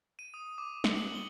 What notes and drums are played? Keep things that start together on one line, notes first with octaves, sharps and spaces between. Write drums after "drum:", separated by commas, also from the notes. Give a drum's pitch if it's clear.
D#7
D#6
D6
C#7, drum: snare
F#7
G7